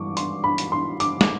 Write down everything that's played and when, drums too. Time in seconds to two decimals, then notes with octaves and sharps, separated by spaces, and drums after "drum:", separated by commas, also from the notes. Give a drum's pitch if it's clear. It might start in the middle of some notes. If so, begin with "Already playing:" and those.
Already playing: G2 E3 C#6 D6
0.17 C6, drum: hi-hat
0.44 B5
0.58 drum: hi-hat
0.72 C6
1.00 D6, drum: hi-hat
1.21 drum: snare